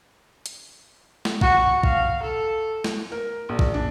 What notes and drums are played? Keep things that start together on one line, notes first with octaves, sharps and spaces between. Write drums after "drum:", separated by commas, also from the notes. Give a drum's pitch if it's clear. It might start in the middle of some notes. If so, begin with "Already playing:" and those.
drum: hi-hat
drum: snare
F#4, drum: kick
F5, drum: kick
A4
drum: snare
A#4
A#1
drum: kick
D4